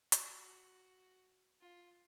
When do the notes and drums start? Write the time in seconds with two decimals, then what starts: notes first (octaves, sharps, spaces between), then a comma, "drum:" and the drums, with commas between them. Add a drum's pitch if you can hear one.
0.12 F#4, drum: hi-hat
1.61 F4